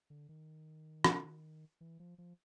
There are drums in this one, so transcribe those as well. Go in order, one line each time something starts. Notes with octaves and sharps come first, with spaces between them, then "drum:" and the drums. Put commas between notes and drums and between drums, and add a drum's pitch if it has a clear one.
D3
D#3
drum: rim click
E3
F3
F3